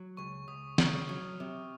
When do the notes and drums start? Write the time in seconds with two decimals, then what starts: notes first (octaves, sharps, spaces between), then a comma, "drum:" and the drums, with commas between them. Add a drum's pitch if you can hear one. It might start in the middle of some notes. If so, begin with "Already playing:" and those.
Already playing: F#3
0.17 C#2 C#6
0.48 C#2 D#6
0.78 C#3 F6, drum: snare
1.09 F#3 D#6
1.40 C3